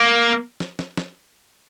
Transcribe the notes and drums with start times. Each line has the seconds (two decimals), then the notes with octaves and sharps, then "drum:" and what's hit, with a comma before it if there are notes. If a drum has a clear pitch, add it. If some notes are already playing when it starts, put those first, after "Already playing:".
Already playing: A#3
0.60 drum: snare
0.79 drum: snare
0.97 drum: snare